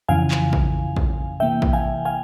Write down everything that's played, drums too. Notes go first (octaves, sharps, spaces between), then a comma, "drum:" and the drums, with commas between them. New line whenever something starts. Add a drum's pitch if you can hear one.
F2 C#3 E3 F5 G#5
drum: clap
drum: kick A#1
drum: kick A#1
C3 E3 A#3 E5 G5
drum: kick A#1
F5 G#5
F5 G#5